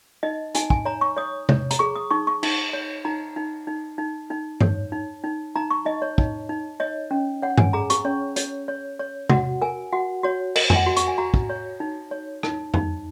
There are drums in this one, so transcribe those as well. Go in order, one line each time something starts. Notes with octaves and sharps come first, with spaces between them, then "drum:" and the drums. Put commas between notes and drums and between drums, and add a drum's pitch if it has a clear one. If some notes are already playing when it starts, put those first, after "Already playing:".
D#4 D#5
D#4 G#5, drum: hi-hat
G#5, drum: kick
C#5 A#5
C#6
C#5 D#6
C#5, drum: tom C3
A#5, drum: hi-hat
G#4 C#6
D#6
D#4 C#6
C#6
D#4, drum: cymbal
C#5
D#4 A#5
D#4
D#4
D#4
D#4
C#5, drum: tom G2
D#4
D#4
D#4 A#5
C#6
D#4 D#5
C#5
D#4, drum: kick
D#4
C#5 D#5
C#4
C#5 F#5
G#5, drum: tom G2
G#4 A#5
C#6, drum: hi-hat
C#4 C#5
C#5, drum: hi-hat
C#5
C#5
F#4 F#5, drum: tom C3
A#4 G#5
F#4 F#5
F#4 C#5
A#4 D#5, drum: cymbal
G#5, drum: tom F2
F#5
F#4
C#6, drum: hi-hat
G#5
F#4 A#5
drum: kick
C#5
D#4
C#5
D#4, drum: rim click
D#4, drum: tom F2